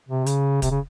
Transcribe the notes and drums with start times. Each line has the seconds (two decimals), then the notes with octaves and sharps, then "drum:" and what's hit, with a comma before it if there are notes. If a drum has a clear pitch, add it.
0.09 C3
0.26 C#3, drum: hi-hat
0.62 C3, drum: kick, hi-hat
0.71 C#3